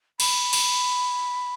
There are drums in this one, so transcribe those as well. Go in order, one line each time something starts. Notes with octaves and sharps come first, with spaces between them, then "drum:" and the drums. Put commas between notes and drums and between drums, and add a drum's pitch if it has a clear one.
B5, drum: cymbal
drum: cymbal